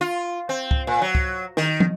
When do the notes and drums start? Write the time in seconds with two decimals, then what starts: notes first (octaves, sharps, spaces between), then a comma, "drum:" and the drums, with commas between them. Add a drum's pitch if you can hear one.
0.01 F4
0.49 C4
0.71 drum: kick C#2
0.87 A#2
1.01 F#3
1.15 drum: kick C#2
1.57 D#3, drum: snare
1.80 drum: tom